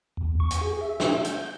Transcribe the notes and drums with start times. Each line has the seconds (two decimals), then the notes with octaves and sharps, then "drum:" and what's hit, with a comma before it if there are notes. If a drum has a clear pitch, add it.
0.17 E2
0.40 C#6
0.51 drum: hi-hat
0.61 G#4
0.81 E5
1.00 drum: snare
1.24 G6, drum: hi-hat